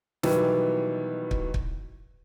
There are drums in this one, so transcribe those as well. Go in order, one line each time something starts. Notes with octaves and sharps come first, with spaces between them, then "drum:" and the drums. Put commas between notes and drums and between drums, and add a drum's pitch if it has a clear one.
B2 D#3 E3 F#3 G3 B3, drum: snare
drum: kick
drum: kick